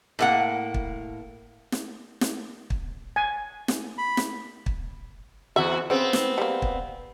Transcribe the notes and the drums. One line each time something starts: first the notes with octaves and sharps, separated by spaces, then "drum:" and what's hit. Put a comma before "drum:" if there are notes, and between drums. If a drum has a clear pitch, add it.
A2 A#3 F#5
drum: kick
drum: snare
drum: snare
drum: kick
G#5
drum: snare
B5
drum: snare
drum: kick
E2 F#4 E5
C#3 B3 C4
drum: snare
G3 A#3
drum: kick